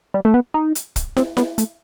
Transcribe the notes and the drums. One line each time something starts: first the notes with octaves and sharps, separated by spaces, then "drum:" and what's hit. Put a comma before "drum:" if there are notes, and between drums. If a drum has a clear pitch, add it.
G3
A3
B3
D#4
drum: hi-hat
drum: kick, hi-hat
C4, drum: snare
B3, drum: snare
A3, drum: hi-hat